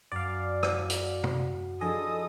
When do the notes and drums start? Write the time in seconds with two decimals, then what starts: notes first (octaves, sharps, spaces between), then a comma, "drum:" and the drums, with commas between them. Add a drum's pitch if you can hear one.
0.12 F#2 D5 F5
0.63 drum: rim click
0.90 drum: hi-hat
1.24 drum: tom
1.81 F3 D4 E4 G#4 A4 D#5 D#6